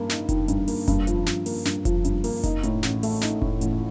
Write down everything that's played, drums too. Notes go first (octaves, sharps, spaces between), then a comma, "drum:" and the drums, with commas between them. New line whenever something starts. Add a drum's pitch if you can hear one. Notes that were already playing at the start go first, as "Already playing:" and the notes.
Already playing: G2 A#3
D#4, drum: snare
D#3, drum: kick F1, hi-hat
G2, drum: hi-hat
A#3, drum: open hi-hat
G2, drum: kick F1, hi-hat
F3, drum: hi-hat
G2, drum: snare
A#3, drum: open hi-hat
G2, drum: snare
F3, drum: kick F1, hi-hat
G2, drum: hi-hat
A#3, drum: open hi-hat
D#4, drum: kick F1, hi-hat
A2, drum: hi-hat
A1, drum: snare
A3, drum: open hi-hat
D#4, drum: snare
A2, drum: kick F1
A1, drum: hi-hat